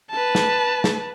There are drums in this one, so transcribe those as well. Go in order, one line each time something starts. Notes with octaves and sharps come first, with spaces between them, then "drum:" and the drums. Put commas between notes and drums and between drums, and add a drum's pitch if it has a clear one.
B4 A5
drum: snare
drum: snare